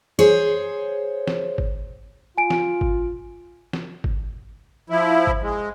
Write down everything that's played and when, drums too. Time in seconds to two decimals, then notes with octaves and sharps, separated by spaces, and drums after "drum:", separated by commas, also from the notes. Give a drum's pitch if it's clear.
0.19 G#4 C5 C#5
1.27 drum: snare
1.58 drum: kick G#1
2.38 F4 G#5 D7
2.50 drum: snare
2.81 drum: kick G#1
3.73 drum: snare
4.04 drum: kick G#1
4.90 F3 E4
5.27 drum: kick G#1
5.42 G#3